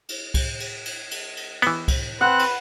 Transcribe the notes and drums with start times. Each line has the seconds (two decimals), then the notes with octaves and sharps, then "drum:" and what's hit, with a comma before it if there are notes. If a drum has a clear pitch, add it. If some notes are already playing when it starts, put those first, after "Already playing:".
0.09 drum: cymbal
0.34 drum: kick, cymbal
0.60 drum: cymbal
0.86 drum: cymbal
1.11 drum: cymbal
1.37 drum: cymbal
1.62 E3 B3, drum: cymbal
1.88 drum: kick, cymbal
2.21 C4 B4 F#5 F#6
2.39 drum: cymbal